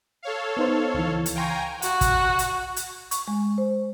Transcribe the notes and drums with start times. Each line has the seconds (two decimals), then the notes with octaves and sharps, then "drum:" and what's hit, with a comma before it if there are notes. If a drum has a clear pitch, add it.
0.23 A4 C#5 F5
0.57 B3 D#4 C5
0.94 C#2 E3
1.26 drum: hi-hat
1.36 F5 G5 G#5 A#5 C6 C#6
1.82 F#4, drum: hi-hat
2.01 drum: kick, hi-hat
2.39 drum: hi-hat
2.76 drum: hi-hat
3.11 C#6, drum: hi-hat
3.28 G#3
3.58 C5